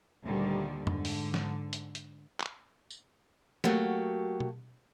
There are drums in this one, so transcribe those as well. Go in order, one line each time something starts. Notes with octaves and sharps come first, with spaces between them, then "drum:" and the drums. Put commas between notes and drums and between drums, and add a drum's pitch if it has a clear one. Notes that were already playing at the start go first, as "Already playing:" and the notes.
D2 A#2 D3 D#3 G3
G#2 D3, drum: tom
drum: open hi-hat
drum: snare
drum: hi-hat
drum: hi-hat
drum: clap
drum: tambourine
F#3 A3 A#3 F#4 G4, drum: snare
drum: tom B2